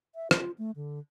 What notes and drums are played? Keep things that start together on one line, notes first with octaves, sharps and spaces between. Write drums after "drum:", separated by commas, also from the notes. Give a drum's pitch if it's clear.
E5
F4, drum: rim click
A3
D3